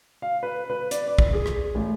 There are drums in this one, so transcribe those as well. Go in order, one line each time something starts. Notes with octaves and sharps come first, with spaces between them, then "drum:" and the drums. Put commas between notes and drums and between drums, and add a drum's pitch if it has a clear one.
F5
B4
B4
D5, drum: hi-hat
D5
drum: kick
G#4
drum: rim click
A1